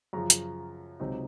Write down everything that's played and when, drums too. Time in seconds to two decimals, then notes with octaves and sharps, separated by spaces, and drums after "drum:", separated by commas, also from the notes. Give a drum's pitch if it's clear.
0.13 F#2 C#3 F3 A#5
0.30 drum: hi-hat
1.00 C#2 C3 F#3 C4 D#4